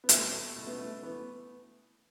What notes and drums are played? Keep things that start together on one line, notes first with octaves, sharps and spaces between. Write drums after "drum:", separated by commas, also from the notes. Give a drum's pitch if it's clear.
B3
B2 A3, drum: hi-hat
B2 A3
B3
A3
E3 B3